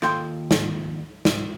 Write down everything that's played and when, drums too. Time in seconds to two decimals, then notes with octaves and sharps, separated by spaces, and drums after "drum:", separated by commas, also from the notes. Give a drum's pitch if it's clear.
0.02 D#2 F4 A4 G5 C6, drum: rim click
0.51 drum: snare
1.25 drum: snare